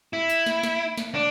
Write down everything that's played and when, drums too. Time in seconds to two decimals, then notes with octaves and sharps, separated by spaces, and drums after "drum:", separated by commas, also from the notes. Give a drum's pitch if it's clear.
0.13 E4
0.29 drum: tambourine
0.46 drum: snare
0.63 drum: snare
0.97 drum: snare
1.15 D4